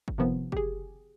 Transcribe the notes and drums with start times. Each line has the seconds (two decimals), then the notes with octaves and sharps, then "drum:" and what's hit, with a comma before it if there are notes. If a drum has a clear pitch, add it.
0.08 drum: kick
0.18 C3 D#3 F3 B3
0.52 G4 G#4, drum: kick